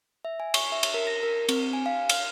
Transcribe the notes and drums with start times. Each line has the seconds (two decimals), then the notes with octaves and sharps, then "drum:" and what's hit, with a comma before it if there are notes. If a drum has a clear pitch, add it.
0.25 E5
0.40 G#5
0.54 C#6, drum: cymbal
0.72 E5
0.83 drum: cymbal
0.94 A#4
1.07 A#6
1.23 A#4
1.49 C4, drum: cymbal
1.73 G#5
1.86 F5
2.09 F6, drum: cymbal